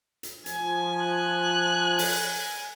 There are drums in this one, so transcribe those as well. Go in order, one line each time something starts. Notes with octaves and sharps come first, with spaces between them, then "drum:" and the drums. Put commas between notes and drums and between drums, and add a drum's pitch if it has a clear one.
drum: hi-hat
F3 G#5, drum: hi-hat
F#6
drum: open hi-hat